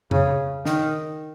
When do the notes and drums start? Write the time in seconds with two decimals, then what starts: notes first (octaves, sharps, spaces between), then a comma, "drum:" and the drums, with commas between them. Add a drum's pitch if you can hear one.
0.11 C#3, drum: tom F2
0.65 D#3, drum: snare